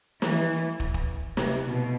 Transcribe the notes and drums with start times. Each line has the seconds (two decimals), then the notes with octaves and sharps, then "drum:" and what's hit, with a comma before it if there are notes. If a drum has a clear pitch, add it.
0.22 E3, drum: snare
0.80 drum: kick
0.94 drum: kick
1.37 C3, drum: snare
1.67 B2